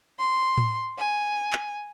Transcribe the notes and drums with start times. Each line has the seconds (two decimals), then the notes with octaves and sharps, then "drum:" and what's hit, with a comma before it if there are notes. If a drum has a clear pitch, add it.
0.19 C6
0.58 drum: tom A2
0.98 G#5
1.53 drum: clap